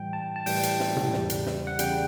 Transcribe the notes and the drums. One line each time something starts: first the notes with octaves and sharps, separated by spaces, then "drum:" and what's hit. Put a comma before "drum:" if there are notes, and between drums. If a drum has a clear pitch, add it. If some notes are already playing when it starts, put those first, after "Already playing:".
Already playing: A2 E3 G3 G5
A5
A5
A2 E3 G3 G5, drum: open hi-hat
drum: hi-hat
drum: snare
drum: tom A2
E2 C#3 G3, drum: snare
drum: hi-hat
drum: snare
F#5
E2 C#3 G3 G5, drum: hi-hat